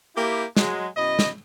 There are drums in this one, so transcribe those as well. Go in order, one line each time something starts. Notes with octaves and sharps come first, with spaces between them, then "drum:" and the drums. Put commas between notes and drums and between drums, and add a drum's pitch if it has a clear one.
A#3 E4 G4
F#3 G#3, drum: snare
F#2 B2 E4 D#5
drum: snare